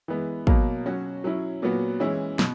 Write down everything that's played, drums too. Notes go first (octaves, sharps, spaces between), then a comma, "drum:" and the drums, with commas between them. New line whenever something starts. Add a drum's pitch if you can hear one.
E3 G#3 B3
B2 F#3 A#3, drum: kick
F#3 C#4 F#4
F#3 C#4 E4
A#2 F#3 B3 F#4
E3 G#3 C#4 E4
B2, drum: snare